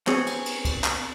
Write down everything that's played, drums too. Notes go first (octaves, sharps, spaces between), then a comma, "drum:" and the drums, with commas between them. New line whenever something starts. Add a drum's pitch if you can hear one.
B3 C4 G#4 C#5, drum: clap
drum: cymbal
drum: cymbal
drum: kick, cymbal
drum: clap